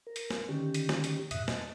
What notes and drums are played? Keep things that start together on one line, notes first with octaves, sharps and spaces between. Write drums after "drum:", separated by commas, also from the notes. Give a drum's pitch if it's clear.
A#4
drum: hi-hat
drum: snare
D3 D#3 C#4 G4
drum: hi-hat
drum: snare
drum: hi-hat
F2 G#2 B2 E5 D#6 F#6, drum: hi-hat
D#5 A5, drum: snare